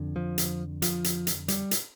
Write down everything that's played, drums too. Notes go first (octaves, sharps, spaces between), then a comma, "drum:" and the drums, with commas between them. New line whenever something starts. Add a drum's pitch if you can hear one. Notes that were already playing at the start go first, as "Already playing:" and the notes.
Already playing: F2 D3
F3
drum: hi-hat
F3, drum: hi-hat
drum: hi-hat
drum: hi-hat
G3, drum: hi-hat
drum: hi-hat